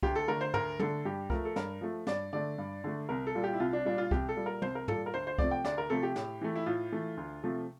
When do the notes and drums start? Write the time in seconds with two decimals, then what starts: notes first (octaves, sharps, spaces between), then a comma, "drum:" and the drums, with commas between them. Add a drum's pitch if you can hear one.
0.03 D2 G4, drum: kick
0.15 A4
0.28 D3 A3 A#4
0.41 C5
0.54 D2 A#4, drum: tom
0.79 D3 A3 A4, drum: tom
1.05 G2 G4
1.30 F3 A3 A#4, drum: kick
1.45 A4
1.56 G2 A#4, drum: snare
1.81 F3 A3
2.07 G2 D5, drum: snare
2.33 D3 A3 D5
2.58 G2
2.84 D3 A3
3.09 C2 A#4
3.27 A4
3.35 A#2 G3
3.44 G4
3.53 E4
3.60 C2 F4
3.73 D4
3.85 A#2 G3 D4
3.98 F4
4.11 C2 G4, drum: kick
4.29 A4
4.36 A#2 G3
4.46 A#4
4.62 C2 C5, drum: tom
4.75 A#4
4.88 A#2 G3 A4, drum: tom
5.06 A#4
5.14 D2 C5
5.27 C5
5.38 C3 F3 A3 D5, drum: kick
5.51 G5
5.64 D2 D5, drum: snare
5.78 A#4
5.90 C3 F3 A3 A4
6.03 G4
6.16 A2, drum: snare
6.41 E3 A3
6.56 E4
6.66 A2 F4
6.92 E3 A3
7.17 D2
7.43 C3 F3 A3